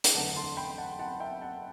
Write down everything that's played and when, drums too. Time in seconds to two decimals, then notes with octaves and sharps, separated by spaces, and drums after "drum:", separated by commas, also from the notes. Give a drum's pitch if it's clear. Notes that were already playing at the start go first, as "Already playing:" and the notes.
0.04 drum: hi-hat
0.14 F#1 E2 D3 A3 F#5 A5
0.36 A5 C6
0.57 G5 B5
0.78 F#5 A5
0.99 F#5 A5
1.20 E5 G5
1.41 F#5 A5